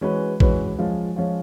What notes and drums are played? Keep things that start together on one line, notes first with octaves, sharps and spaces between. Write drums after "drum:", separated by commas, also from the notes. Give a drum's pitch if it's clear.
E3 G#3 C#4 F#4 B4
E3 G#3 C#4 F#4 B4, drum: kick A1
F3 G#3 C#4 F4
F3 G#3 C#4 F4